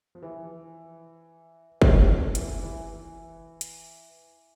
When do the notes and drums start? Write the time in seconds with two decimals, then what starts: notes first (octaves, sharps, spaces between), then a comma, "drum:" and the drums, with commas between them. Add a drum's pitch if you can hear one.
0.15 F3
0.22 E3
1.82 F3, drum: kick
2.09 F#3
2.35 E3, drum: hi-hat
2.62 E3
3.61 drum: hi-hat